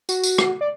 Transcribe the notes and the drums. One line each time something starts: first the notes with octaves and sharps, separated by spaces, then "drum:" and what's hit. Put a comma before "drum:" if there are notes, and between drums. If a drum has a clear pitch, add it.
F#4, drum: tambourine
drum: tambourine
drum: rim click
D5